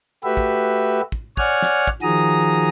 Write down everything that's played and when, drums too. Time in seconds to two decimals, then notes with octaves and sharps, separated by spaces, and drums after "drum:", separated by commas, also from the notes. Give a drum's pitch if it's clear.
0.24 A3 F#4 G4 B4 E5
0.37 drum: kick
1.12 drum: kick
1.37 C#5 D5 F#5 G#5 F6, drum: kick
1.62 drum: snare
1.87 drum: kick
2.02 D#3 F3 F#4 G#4 A#5 D#6